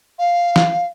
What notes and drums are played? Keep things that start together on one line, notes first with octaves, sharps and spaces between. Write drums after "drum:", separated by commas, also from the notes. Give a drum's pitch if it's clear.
F5
drum: snare E3